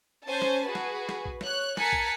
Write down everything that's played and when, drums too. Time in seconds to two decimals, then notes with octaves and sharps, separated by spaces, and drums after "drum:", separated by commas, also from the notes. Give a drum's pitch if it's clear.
0.25 C#4 C5 G#5 A5
0.42 drum: snare
0.65 F#4 G#4 B4
0.75 drum: snare
1.09 drum: snare
1.25 drum: kick B1
1.41 C#5 F#6, drum: snare
1.77 A#4 G#5 A5 F#6 B6 C#7, drum: snare
1.93 drum: kick B1